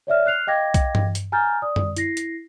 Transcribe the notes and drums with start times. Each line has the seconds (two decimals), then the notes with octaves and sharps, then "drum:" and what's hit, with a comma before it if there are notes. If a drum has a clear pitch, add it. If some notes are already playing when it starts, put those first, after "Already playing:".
0.07 C#5 D5 E5 F6
0.25 F6 F#6 C7 F7
0.47 D#5 F5 G5 D6 G#6 A#6
0.74 drum: kick B1, hi-hat
0.95 drum: tom G2
1.15 drum: hi-hat
1.32 G#5 A#5 F6 G6 A6
1.62 D5 D#6
1.76 drum: tom F#2
1.97 E4 A#6 C7, drum: hi-hat
2.17 drum: hi-hat